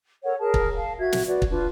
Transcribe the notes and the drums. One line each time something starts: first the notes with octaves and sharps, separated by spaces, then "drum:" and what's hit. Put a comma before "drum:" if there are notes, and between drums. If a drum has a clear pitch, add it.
A4 A#4 C#5 F#5
G#4 A#4 A5
drum: kick
F5 A5
F#4 E5 G#6
drum: snare
F#4 B4 D5
drum: kick
D4 F4 B4